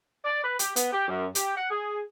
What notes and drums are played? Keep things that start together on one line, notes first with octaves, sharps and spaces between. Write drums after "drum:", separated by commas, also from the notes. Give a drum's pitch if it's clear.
D5
B4
G4, drum: hi-hat
B3, drum: hi-hat
G4
F#2
G4, drum: hi-hat
F#5
G#4